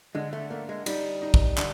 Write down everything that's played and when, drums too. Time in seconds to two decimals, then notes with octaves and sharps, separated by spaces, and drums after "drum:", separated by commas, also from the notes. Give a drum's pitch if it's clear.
0.15 D3 G#3
0.33 A3
0.50 A3 A#3
0.69 G#3
0.86 G3 D#4, drum: cymbal
1.22 D#4
1.34 drum: kick
1.58 D3, drum: clap